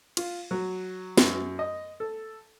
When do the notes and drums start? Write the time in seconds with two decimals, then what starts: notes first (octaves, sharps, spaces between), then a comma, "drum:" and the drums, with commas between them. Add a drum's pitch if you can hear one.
0.17 F4, drum: cymbal
0.51 F#3
1.17 F#2, drum: snare
1.59 D#5
2.00 A4